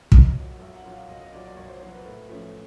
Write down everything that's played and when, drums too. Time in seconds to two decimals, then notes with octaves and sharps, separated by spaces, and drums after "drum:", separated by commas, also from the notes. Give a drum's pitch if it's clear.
0.12 B1 D#5, drum: kick
0.36 A#2 F#3
0.60 B1 E5
0.76 F#5
0.84 A#2 F#3
0.92 F5
1.08 B1 D#5
1.21 D#5
1.33 A#2 F#3 D5
1.45 D5
1.57 B1 C#5
1.69 C5
1.80 A#2 F#3 C5
1.93 B4
2.05 A2
2.29 F3 A3 C#4